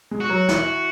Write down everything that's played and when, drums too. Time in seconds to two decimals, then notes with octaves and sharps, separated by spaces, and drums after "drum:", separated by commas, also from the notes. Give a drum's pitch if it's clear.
0.11 G#3
0.20 F#4
0.29 F#3
0.48 E3, drum: snare